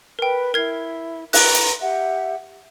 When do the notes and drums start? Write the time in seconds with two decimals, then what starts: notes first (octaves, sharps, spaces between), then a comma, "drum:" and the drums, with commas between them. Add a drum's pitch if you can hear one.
0.19 A#4 B4 G5
0.54 E4 A#4 G#6 C7
1.33 B4 A#5 F#6, drum: open hi-hat
1.55 drum: hi-hat
1.80 G4 E5 F#5